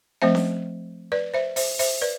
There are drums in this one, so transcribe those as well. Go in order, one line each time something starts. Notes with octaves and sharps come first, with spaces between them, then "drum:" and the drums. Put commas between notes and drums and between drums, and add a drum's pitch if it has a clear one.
F3 A3 C4 C5 E5
drum: snare C#4
B4 D5
C5 E5
C5 E5, drum: open hi-hat
C5 E5, drum: open hi-hat
B4 D5